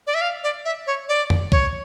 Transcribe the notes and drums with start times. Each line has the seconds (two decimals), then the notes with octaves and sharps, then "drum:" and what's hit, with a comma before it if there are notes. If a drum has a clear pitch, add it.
0.07 D5
0.14 E5
0.21 F5
0.43 D5
0.65 E5
0.87 C#5
1.09 D5
1.30 drum: tom F2
1.52 C#5, drum: kick C2